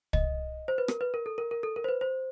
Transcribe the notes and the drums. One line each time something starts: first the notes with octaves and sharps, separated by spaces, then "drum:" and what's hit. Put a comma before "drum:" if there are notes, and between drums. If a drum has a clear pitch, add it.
D#5, drum: kick
C5
B4
A#4, drum: rim click
B4
A#4
A4
A#4
A#4
A4
A#4
C5
B4
C5